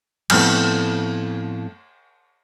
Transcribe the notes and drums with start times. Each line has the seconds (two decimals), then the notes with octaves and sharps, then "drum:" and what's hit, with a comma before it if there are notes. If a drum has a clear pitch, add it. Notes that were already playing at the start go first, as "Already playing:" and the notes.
0.30 A2 F3 A3 B3 C4 E4, drum: cymbal